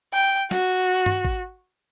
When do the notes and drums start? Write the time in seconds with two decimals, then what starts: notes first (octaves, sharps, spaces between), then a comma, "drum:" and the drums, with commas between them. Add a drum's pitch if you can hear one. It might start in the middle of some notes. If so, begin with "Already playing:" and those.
0.13 G5
0.51 F#4, drum: snare
1.06 drum: tom G2
1.25 drum: kick G#1